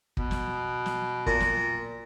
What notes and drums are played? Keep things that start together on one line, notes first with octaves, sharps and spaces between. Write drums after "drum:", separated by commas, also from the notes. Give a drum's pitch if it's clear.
B2, drum: kick
drum: snare
drum: snare
A#2, drum: kick
drum: snare